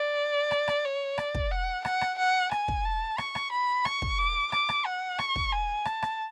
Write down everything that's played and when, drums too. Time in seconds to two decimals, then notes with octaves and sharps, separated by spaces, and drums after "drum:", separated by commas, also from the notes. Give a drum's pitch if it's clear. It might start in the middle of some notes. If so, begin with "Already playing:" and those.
Already playing: D5
0.51 drum: rim click
0.68 drum: rim click
0.85 C#5
1.18 D5, drum: rim click
1.34 drum: kick
1.51 F#5
1.85 F#5, drum: rim click
2.01 drum: rim click
2.18 F#5
2.51 G#5, drum: rim click
2.68 drum: kick
2.85 A5
3.18 C#6, drum: rim click
3.35 drum: rim click
3.52 B5
3.85 C#6, drum: rim click
4.02 drum: kick
4.18 D6
4.52 D6, drum: rim click
4.69 drum: rim click
4.85 F#5
5.19 C#6, drum: rim click
5.36 drum: kick
5.52 G#5
5.85 A5, drum: rim click
6.02 drum: rim click